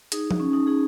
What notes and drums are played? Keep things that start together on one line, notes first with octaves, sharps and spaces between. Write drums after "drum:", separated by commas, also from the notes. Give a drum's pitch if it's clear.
D#4 G#4, drum: hi-hat
drum: tom F3
C#4
D#4
D#4 G#4